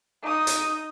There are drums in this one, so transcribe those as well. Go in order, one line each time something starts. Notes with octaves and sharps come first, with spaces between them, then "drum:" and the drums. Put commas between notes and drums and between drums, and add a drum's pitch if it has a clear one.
D#4 D#6
drum: hi-hat